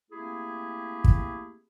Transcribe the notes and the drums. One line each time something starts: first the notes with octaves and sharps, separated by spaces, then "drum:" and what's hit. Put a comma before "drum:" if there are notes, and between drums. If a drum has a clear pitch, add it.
A3 A#3 C4 E4 G4 G#4
drum: kick